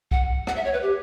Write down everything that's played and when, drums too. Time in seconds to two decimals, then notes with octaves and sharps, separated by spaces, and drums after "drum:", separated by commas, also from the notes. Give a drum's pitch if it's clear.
0.11 F#5, drum: kick C2
0.47 F#5, drum: rim click
0.56 E5
0.65 C#5
0.73 B4
0.82 G4